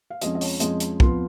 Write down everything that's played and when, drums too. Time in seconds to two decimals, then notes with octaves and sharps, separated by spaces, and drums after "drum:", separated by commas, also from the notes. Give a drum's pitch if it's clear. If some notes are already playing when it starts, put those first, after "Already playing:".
0.10 F5
0.22 F2 F3 G#3 C#4 D#5, drum: hi-hat
0.35 D#5
0.41 C#5, drum: open hi-hat
0.60 F2 F3 G#3 C#4 D#5, drum: hi-hat
0.80 drum: hi-hat
1.00 F2 F3 B3 F4, drum: kick